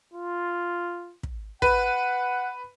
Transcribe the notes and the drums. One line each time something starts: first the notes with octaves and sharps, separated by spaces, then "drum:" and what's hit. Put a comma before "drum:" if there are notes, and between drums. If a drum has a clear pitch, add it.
F4
drum: kick
B4 F#5, drum: kick